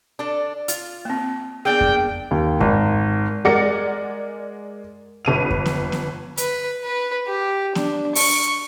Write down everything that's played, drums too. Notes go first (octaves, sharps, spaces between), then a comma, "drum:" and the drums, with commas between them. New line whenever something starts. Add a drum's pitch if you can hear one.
D4 A4
F4, drum: hi-hat
A#3 C4
A#3 B3 D4 G#4 G5
drum: kick F2
D#2
G#1, drum: kick F2
G#3 A#4 D5 F#5 A#6 C#7
G1 D#7 F7
drum: kick F2
drum: snare B3
drum: snare B3
B4, drum: hi-hat
B4
G4
D4, drum: snare B3
C#6, drum: open hi-hat